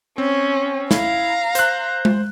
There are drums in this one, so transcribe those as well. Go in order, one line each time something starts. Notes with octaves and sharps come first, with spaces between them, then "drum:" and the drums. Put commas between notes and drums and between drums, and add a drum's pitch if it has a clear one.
C4 C#4
E4 F5 A#5, drum: snare
C5 F#6, drum: hi-hat
drum: tom G#3